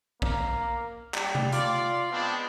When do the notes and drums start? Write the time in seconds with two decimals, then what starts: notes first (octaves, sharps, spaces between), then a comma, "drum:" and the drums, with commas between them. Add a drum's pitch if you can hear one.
0.22 A#3, drum: kick A#1
1.14 G3, drum: clap
1.35 drum: tom C3
1.52 F4 D5, drum: hi-hat
2.12 G#3 B3 C4 D4